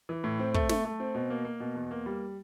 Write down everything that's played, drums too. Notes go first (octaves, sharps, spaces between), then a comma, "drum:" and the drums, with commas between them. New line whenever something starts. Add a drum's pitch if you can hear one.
E3
A2
C4
A3, drum: kick
A3, drum: snare
A3
C4
B2
A#3
A#3
B2
E2
A#3
G3